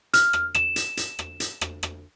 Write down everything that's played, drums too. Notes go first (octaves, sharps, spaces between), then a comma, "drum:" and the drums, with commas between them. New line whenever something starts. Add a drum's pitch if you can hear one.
F6, drum: hi-hat
drum: rim click
E7, drum: rim click
drum: hi-hat
drum: hi-hat
drum: rim click
drum: hi-hat
drum: rim click
drum: rim click